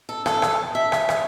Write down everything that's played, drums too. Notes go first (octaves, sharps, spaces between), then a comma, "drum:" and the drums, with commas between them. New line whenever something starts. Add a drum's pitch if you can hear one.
A4
A4, drum: rim click
drum: rim click
E5
drum: rim click
drum: rim click